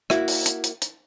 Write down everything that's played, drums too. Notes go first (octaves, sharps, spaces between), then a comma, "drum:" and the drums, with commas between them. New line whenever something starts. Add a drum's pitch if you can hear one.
A#3 E4 F#4, drum: rim click
drum: open hi-hat
drum: hi-hat
drum: hi-hat
drum: hi-hat